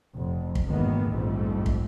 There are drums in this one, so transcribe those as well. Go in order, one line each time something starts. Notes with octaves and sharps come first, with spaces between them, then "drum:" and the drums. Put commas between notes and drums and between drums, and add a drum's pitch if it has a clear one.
F1
drum: kick
G#1 E2 D#3 A#3 B3
A#1 F2 G#2 G3 A3
drum: kick